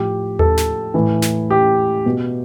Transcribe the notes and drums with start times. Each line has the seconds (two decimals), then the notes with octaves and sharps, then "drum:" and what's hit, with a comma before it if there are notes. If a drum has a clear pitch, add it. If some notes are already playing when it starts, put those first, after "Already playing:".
Already playing: A2 F3 G4
0.39 A4, drum: tom D#2
0.58 drum: snare
0.94 A2 E3
1.22 drum: snare
1.51 G4
2.06 B2